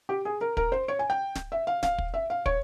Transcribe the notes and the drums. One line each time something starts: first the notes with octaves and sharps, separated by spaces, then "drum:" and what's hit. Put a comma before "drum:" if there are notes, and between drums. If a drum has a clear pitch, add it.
G4
G#4
A#4
A#4, drum: kick
C5
C#5
G#5
G5
drum: snare
E5
F5
F5, drum: snare
drum: kick
E5
F5
C#5, drum: kick